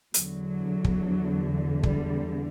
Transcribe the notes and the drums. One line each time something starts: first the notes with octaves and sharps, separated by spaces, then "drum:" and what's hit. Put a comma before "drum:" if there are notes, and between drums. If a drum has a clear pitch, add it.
E2 D3 F#3, drum: hi-hat
drum: kick
G3, drum: kick